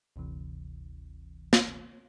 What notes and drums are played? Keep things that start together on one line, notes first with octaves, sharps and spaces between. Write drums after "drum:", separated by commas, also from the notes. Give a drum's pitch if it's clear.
G1 D2 C3 E3
drum: snare